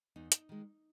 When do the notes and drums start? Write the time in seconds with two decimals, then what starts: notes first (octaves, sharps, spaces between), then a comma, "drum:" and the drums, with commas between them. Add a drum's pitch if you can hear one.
0.16 E2 D#4
0.32 drum: hi-hat
0.49 D#3 G#3